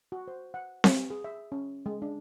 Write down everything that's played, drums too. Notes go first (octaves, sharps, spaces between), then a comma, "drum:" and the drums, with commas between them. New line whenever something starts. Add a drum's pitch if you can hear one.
F#4
C5
F#5
drum: snare C4
G#4
E5
C#4
G#3
D4